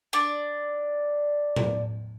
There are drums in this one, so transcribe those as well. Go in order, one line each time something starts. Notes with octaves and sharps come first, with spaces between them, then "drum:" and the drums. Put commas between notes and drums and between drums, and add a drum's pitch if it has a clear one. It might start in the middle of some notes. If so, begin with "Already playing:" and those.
D4 D5
drum: tom A2